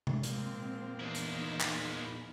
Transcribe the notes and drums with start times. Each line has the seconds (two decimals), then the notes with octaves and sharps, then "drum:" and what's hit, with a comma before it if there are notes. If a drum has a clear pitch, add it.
0.07 drum: tom C3
0.23 A#2 F3 G#3 C4, drum: hi-hat
1.00 E2 G#3 D#4 E4
1.15 drum: hi-hat
1.61 drum: clap